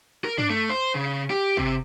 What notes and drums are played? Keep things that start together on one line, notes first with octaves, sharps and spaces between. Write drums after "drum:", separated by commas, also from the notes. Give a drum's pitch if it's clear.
A#4
D4, drum: tom G2
A3
C5
C#3
G4
C3, drum: kick